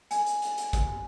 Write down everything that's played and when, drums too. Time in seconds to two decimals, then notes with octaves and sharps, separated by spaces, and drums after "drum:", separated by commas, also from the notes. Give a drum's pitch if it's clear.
0.11 G#5, drum: hi-hat
0.26 drum: hi-hat
0.42 drum: hi-hat
0.58 drum: hi-hat
0.73 drum: kick, hi-hat